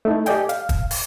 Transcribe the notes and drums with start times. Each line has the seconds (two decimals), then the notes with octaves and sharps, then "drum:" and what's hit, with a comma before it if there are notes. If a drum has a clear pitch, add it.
0.05 A3 D#4 E4
0.26 G4 A4 D5 D#5 G5 G#5, drum: hi-hat
0.49 F5, drum: hi-hat
0.69 drum: kick, hi-hat
0.91 drum: open hi-hat